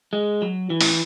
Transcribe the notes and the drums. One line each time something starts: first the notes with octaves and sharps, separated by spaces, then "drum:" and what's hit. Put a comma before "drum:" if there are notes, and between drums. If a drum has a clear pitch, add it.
G#3
F#3
E3
A2, drum: open hi-hat